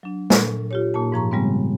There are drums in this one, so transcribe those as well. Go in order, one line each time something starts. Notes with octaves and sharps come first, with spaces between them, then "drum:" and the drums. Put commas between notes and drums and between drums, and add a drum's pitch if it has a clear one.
F#3 D4
A#2 A4 C#6, drum: snare
F4 G4 C#5
A#2 A#3 D#4 A5
G#2 F3 A#5 C#6
C#3 G3 G#3 B3 C4